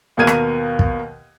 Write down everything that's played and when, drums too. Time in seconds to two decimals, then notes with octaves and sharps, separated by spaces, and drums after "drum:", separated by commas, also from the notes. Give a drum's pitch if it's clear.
0.17 D#2 B2 A#4 G#6 D#7
0.27 drum: rim click
0.79 drum: kick